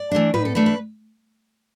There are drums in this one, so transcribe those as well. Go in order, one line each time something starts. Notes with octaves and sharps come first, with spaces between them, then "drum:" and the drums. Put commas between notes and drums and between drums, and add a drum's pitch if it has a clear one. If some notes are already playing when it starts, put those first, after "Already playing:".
Already playing: D5
E3 A3 D4
A2 B4, drum: tom
A4
E3 A3 D4 B4
B4